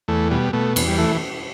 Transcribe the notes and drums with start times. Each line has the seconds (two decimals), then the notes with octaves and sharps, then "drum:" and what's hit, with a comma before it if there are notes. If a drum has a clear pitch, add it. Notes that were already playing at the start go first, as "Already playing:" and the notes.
0.08 E2 A3
0.31 B2 G3
0.53 B2 A3
0.76 E2, drum: cymbal
0.88 G3
0.98 E3 A3